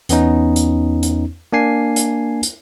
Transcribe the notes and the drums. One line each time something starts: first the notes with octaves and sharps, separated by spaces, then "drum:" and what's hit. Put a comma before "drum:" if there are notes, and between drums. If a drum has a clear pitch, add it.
E2 B3 C#4 D#4, drum: hi-hat
drum: hi-hat
drum: hi-hat
A#3 D4 G#5 C7
drum: hi-hat
drum: hi-hat